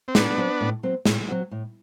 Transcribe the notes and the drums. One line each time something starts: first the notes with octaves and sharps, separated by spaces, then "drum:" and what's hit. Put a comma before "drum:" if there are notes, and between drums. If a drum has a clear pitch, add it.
C4
A2 B3 D4, drum: snare
F#3 C4
A2
F#3 C4
A2, drum: snare
F#3 C4 F#4
A2